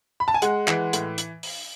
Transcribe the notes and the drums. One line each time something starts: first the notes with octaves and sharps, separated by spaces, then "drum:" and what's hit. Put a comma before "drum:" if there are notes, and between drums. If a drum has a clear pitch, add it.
B5
A5
G#5
G#3 F#5, drum: hi-hat
E3, drum: clap
A2, drum: hi-hat
drum: hi-hat
drum: open hi-hat